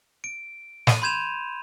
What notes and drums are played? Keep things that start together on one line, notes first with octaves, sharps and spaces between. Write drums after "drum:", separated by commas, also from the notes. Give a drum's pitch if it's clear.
D7
D#7, drum: snare
B5 C6 G6 G#6 E7 F7